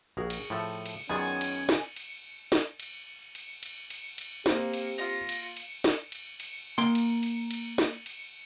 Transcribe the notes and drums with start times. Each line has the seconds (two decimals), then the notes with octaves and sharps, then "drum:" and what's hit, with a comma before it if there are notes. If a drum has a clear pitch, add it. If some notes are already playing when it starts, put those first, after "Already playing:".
0.17 A#1 F#4 G#4 A#4
0.30 drum: cymbal
0.50 A2 F3 A4
0.86 drum: cymbal
1.09 F#2 D#3 B3 C#4 F4 G#4 D5 G#5
1.41 drum: cymbal
1.69 drum: snare
1.96 drum: cymbal
2.52 drum: snare
2.80 drum: cymbal
3.35 drum: cymbal
3.63 drum: cymbal
3.90 drum: cymbal
4.18 drum: cymbal
4.46 A#3 C4 G4 C5, drum: snare
4.74 drum: cymbal
4.98 F4 A#6
5.29 drum: cymbal
5.57 drum: cymbal
5.84 drum: snare
6.12 drum: cymbal
6.40 drum: cymbal
6.78 A#3 G5 C6
6.95 drum: cymbal
7.23 drum: cymbal
7.51 drum: cymbal
7.78 drum: snare
8.06 drum: cymbal